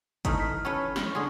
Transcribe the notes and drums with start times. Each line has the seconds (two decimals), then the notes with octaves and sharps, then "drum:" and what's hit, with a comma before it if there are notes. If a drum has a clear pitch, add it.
0.25 E3 A3 D#4 F6 B6, drum: kick G1, hi-hat
0.40 B6
0.65 C#4 A4 B4
0.96 C#6, drum: snare
1.15 D3 G#4 C6 C#6